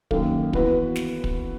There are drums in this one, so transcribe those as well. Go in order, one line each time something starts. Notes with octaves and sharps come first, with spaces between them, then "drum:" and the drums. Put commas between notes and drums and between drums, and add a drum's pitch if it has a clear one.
F#2 D#3 A#3, drum: kick
E3 B3 F#4 B4, drum: kick
drum: snare
drum: kick